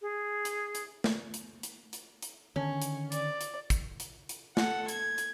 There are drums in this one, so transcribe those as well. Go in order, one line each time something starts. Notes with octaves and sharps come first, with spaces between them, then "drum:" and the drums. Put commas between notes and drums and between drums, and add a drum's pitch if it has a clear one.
G#4
drum: hi-hat
drum: hi-hat
drum: snare
drum: hi-hat
drum: hi-hat
drum: hi-hat
drum: hi-hat
D3 D#3 C#4
drum: hi-hat
D5, drum: hi-hat
drum: hi-hat
drum: kick, hi-hat
drum: hi-hat
drum: hi-hat
A4 F#5, drum: snare
G#6, drum: hi-hat
drum: hi-hat